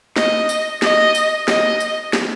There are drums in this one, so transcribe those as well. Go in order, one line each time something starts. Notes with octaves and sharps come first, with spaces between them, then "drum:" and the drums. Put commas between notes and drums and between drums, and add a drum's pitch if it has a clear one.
D#5, drum: snare
drum: tambourine
D#5, drum: snare
drum: tambourine
D#5, drum: snare
drum: tambourine
drum: snare